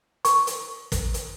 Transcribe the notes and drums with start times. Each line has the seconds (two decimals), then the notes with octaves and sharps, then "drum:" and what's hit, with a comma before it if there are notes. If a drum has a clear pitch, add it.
0.25 C#6, drum: hi-hat
0.47 drum: hi-hat
0.92 drum: kick, hi-hat
1.14 drum: hi-hat